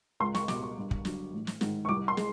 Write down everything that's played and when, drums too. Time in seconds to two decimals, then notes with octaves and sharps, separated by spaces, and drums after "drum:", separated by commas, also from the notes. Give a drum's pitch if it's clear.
0.20 C#2 C6
0.35 C#6, drum: snare
0.48 B2 G3 D6, drum: snare
0.63 C#6
0.77 G2
0.91 drum: kick
1.05 D3 F#3, drum: snare
1.33 A1
1.47 drum: snare
1.61 G#2 D#3, drum: snare
1.85 C#6
1.89 C2 D6
2.08 C6
2.17 G#3, drum: snare